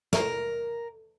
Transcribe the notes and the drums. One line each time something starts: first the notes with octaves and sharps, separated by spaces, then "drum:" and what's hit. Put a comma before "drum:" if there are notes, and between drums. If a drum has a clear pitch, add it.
A#4, drum: snare